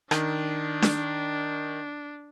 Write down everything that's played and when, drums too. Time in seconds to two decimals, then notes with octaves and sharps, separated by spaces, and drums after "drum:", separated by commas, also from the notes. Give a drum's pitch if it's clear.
0.11 D#3 D4, drum: rim click
0.82 drum: snare D4